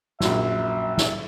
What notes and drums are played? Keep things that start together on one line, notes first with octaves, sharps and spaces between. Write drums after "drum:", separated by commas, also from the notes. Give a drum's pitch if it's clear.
A#1 F#2 E5, drum: snare
drum: snare